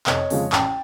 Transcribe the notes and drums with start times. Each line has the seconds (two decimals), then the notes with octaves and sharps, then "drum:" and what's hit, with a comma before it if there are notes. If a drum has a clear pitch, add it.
0.06 F1 C#5 D#5, drum: clap
0.30 F2 C#3 F3 G#3, drum: open hi-hat
0.52 A1 G5 A5, drum: clap